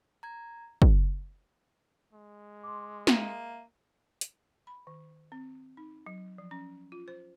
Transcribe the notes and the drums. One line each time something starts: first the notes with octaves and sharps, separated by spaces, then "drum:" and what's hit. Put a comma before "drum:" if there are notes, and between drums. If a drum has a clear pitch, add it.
A#5 G#6
drum: kick
G#3
C6 D6
A#3 E5 D#7, drum: snare G#3
drum: hi-hat
B5
D#3
C4
D#4
F#3
F3
C#4
F4
C5